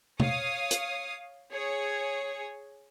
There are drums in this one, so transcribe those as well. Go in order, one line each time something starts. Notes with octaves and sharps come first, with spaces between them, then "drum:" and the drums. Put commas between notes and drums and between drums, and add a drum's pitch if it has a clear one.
C#5 F5 D#6, drum: tom C3
drum: hi-hat
G#4 C#5